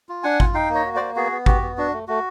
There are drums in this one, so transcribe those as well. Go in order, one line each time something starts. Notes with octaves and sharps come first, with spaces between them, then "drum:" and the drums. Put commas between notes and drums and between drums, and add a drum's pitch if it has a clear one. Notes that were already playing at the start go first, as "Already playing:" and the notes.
F4
D4 F#5 G#5
F4, drum: kick G#1
D#4 F5 G5
A#3
C#5 D#5
F#4
A#3 C5 D5
B3 F#4 G#4
B3
F#4 G4, drum: kick G#1
B3
D4 F#4
A3
A3 F#4